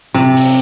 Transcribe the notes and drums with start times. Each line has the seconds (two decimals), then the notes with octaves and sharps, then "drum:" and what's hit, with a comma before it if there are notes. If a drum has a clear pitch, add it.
0.14 C3
0.37 drum: open hi-hat